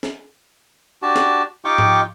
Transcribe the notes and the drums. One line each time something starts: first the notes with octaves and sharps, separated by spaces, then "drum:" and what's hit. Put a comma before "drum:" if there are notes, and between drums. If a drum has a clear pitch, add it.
drum: snare
D4 F#4 G4 A5
drum: snare
D#4 F4 G4 G5 C#6 D6
drum: tom G#2